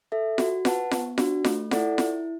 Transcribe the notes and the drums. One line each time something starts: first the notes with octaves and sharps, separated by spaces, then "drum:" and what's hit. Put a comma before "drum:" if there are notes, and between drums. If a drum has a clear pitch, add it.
A4 E5
F#4, drum: snare F4
B4 F#5 A5, drum: snare F4
B3, drum: snare F4
D4 F#4, drum: snare F4
A3, drum: snare F4
E4 A4 D5 F#5, drum: snare F4
E4, drum: snare F4